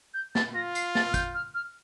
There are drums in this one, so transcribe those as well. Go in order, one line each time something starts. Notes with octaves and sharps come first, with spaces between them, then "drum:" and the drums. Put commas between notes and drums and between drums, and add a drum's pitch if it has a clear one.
G6
A6, drum: snare
F4 A#6
C7, drum: tambourine
A6, drum: snare
F6
G6, drum: kick, tambourine
F6
F6